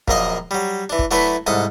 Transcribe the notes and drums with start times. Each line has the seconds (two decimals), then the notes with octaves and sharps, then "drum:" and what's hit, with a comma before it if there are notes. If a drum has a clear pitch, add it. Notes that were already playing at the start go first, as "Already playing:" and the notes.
0.08 A#1 F#2 A#3 D#5 D#6, drum: kick
0.51 F#3 G3
0.90 E3 D4
0.99 drum: kick
1.11 F#3 A3 D4 E4 A4 B4
1.47 C2 G#2 A4 D#6